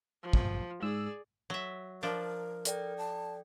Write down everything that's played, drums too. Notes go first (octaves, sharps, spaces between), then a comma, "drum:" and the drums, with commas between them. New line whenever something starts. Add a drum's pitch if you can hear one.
F3
drum: kick
G#2 G#4 D5 E6
F#3 E5
F3 D4 A#4
A4 D5 G5, drum: hi-hat
A5